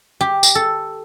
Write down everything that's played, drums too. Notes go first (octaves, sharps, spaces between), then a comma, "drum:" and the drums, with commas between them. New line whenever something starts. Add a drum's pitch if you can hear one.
G4
drum: tambourine
A4